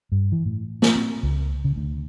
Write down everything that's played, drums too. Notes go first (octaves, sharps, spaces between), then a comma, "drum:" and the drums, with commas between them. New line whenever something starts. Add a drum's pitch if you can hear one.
G2
E3
A2
drum: snare
C4
C#2
C#3
D2